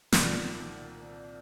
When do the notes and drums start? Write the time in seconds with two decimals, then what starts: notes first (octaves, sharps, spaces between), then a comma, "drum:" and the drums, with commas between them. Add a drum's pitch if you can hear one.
0.12 C2 A#2 D#3 F3 D5 F#5, drum: snare